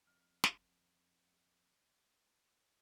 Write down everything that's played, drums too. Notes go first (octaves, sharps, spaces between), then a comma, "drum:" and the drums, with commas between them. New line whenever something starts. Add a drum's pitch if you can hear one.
F2 F6
drum: snare